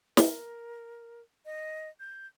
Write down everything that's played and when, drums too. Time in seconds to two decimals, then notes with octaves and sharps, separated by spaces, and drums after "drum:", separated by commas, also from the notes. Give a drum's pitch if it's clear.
0.17 A#4, drum: snare
1.46 D#5
2.00 G6